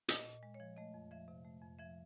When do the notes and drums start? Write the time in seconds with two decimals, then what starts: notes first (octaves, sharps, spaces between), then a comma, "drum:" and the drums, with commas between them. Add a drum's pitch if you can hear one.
0.08 A#2 D#5, drum: hi-hat
0.26 A#2
0.43 G#3
0.54 C#5
0.60 F3
0.77 A3 D#5
0.94 F2
1.11 F3 E5
1.28 C3
1.45 A3
1.62 F2
1.79 F3 E5